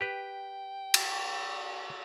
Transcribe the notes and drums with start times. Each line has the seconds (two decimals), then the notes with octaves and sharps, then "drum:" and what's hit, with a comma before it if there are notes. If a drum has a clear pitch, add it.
0.01 G4 B4 G5
0.94 drum: cymbal